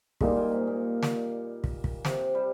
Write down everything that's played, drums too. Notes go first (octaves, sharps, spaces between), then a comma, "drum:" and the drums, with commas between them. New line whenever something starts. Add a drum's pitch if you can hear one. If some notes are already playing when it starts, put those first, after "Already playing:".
G3 G#3 A#3 D#4, drum: kick
A#2
G#2
A#2
drum: snare
drum: kick
drum: kick
C3, drum: snare
G3